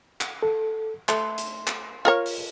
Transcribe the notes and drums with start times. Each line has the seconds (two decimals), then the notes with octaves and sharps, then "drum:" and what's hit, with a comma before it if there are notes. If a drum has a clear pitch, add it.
0.21 drum: clap
0.43 A4
1.09 A3 C6, drum: clap
1.38 drum: hi-hat
1.67 drum: clap
2.05 F4 A#4 C#5
2.26 drum: open hi-hat